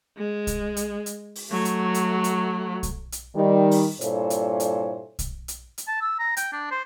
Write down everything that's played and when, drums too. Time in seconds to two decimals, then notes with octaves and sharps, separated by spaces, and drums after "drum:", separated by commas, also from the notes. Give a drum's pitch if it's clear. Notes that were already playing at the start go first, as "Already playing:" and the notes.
0.17 G#3
0.47 drum: kick, hi-hat
0.77 drum: hi-hat
1.06 drum: hi-hat
1.35 drum: open hi-hat
1.50 F#3 A3
1.65 drum: hi-hat
1.94 drum: hi-hat
2.24 drum: hi-hat
2.83 drum: kick, hi-hat
3.12 drum: hi-hat
3.36 D#3 G3
3.71 drum: open hi-hat
4.01 G2 A#2 E4 A4 C5 C#5, drum: hi-hat
4.30 drum: hi-hat
4.60 drum: hi-hat
5.19 drum: kick, hi-hat
5.48 drum: hi-hat
5.78 drum: hi-hat
5.87 A5
6.01 E6
6.19 A#5
6.37 G5, drum: hi-hat
6.52 D4
6.71 C5